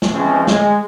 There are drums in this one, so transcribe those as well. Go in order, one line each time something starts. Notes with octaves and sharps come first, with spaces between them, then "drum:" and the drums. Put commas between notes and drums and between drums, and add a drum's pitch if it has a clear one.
drum: snare
C#3 E3 F3 G#3 C4 C#4
G#3, drum: snare